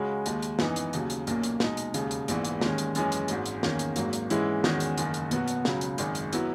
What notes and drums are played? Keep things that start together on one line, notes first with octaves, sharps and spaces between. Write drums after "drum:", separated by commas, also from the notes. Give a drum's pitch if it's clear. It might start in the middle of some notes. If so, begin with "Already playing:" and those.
Already playing: C#2 C#3 G#3 C#4 F#4
D#2 D#3 G#3, drum: hi-hat
drum: hi-hat
F#2 E3 B3 D#4, drum: snare
drum: hi-hat
D#2 C#3 F#3, drum: hi-hat
drum: hi-hat
B1 A#2 A#3 C#4, drum: hi-hat
drum: hi-hat
B2 G#3 D#4 G#4, drum: snare
drum: hi-hat
E1 D#2 C#3, drum: hi-hat
drum: hi-hat
A#1 G#2 E3 B3, drum: hi-hat
drum: hi-hat
D#2 D#3 G#3 C#4, drum: snare
drum: hi-hat
F#1 F#2 E3 G#3 C#4, drum: hi-hat
drum: hi-hat
G#1 G#2 F#3, drum: hi-hat
drum: hi-hat
E2 D#3 A#3 C#4, drum: snare
drum: hi-hat
G#1 G#2 F#3 A#3, drum: hi-hat
drum: hi-hat
G#2 E3 G#3 C#4 E4, drum: hi-hat
E2 D#3 G#3 C#4 F#4, drum: snare
drum: hi-hat
F#1 F#2 D#3, drum: hi-hat
drum: hi-hat
B2 F#3 B3 F#4, drum: hi-hat
drum: hi-hat
C#2 C#3 F#3, drum: snare
drum: hi-hat
G#1 F#2 D#3 G#3, drum: hi-hat
drum: hi-hat
F#3 B3 E4, drum: hi-hat